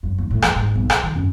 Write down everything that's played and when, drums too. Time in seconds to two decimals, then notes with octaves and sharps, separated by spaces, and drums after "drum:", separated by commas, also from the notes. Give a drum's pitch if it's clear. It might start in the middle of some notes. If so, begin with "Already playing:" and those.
0.03 F#2
0.18 D#2
0.31 A2
0.42 E3, drum: rim click
0.56 G#2
0.75 B1
0.90 F4, drum: rim click
1.03 D#3
1.16 F#2